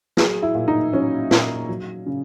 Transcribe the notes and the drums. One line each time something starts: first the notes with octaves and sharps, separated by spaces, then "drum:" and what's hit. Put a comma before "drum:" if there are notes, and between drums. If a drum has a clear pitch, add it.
F#3 G#4, drum: snare
E4
A#2
D#4
F#3 C#4
A#2, drum: snare
F#3
C#3